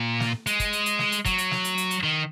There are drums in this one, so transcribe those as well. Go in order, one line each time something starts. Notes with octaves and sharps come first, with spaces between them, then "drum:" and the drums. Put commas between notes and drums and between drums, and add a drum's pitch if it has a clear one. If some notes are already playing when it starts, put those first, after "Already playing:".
Already playing: A#2
drum: snare
G#3, drum: hi-hat
drum: kick, hi-hat
drum: hi-hat
drum: hi-hat
drum: snare
drum: hi-hat
F#3, drum: kick, hi-hat
drum: hi-hat
drum: snare
drum: hi-hat
drum: hi-hat
drum: hi-hat
D#3